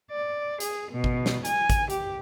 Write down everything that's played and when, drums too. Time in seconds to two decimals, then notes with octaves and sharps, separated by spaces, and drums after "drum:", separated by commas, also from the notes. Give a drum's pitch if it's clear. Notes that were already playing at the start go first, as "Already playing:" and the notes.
0.11 D5
0.60 G#4, drum: hi-hat
0.91 B2
1.04 drum: kick
1.26 drum: snare
1.45 G#5, drum: hi-hat
1.70 drum: kick, hi-hat
1.90 G4, drum: hi-hat